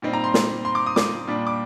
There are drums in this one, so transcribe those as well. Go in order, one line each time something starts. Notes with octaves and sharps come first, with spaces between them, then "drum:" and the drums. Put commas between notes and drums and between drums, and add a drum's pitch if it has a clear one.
A#2 G3 C4 D#4
A#5
C6
drum: snare
C6
D6
D#6
D6, drum: snare
A#2 G3 D4
D6